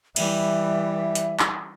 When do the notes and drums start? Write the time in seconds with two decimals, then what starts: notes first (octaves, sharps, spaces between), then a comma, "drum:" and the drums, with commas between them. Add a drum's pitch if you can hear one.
0.16 E3 G3 E5, drum: cymbal
1.15 drum: hi-hat
1.39 drum: clap